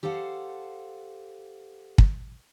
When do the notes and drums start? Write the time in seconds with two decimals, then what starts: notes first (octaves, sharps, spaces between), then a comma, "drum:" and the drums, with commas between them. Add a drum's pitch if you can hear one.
0.03 G4 A4 C5 F5 F#5
1.98 drum: kick